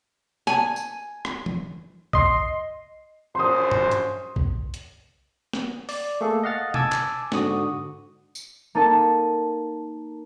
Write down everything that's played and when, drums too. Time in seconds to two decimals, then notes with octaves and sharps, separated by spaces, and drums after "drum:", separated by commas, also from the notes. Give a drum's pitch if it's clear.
0.47 G#5, drum: snare
0.76 drum: tambourine
1.25 drum: rim click
1.46 drum: tom E3
2.13 D#5 C6, drum: kick
3.35 A#1 F#2 C5 C6 D#6
3.71 drum: tom G2
3.91 drum: hi-hat
4.36 drum: kick
4.74 drum: hi-hat
5.53 drum: snare
5.89 D5, drum: open hi-hat
6.21 A3 A#3 G#4 A4
6.43 D#5 F5 F#5 F6 A6
6.74 G#5 A5 D6 E6 G#6 A6, drum: tom B2
6.92 drum: clap
7.32 G#2 D3 F#4 D#6, drum: snare
8.35 drum: tambourine
8.75 A#3 D#4 A4 A#4 D#5 A5